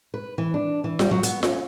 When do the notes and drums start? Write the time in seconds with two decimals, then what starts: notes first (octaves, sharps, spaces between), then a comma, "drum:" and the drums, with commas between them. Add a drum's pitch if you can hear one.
0.14 B4
0.38 E3
0.54 D4
0.84 E3
0.99 G3, drum: snare F4
1.11 F#3
1.23 B3, drum: hi-hat
1.43 C#4, drum: snare F4